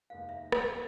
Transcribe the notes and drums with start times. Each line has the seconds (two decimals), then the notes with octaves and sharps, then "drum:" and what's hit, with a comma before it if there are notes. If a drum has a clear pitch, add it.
0.10 F1 D#2 D#3 G#3 B3 F5
0.29 E5
0.52 drum: rim click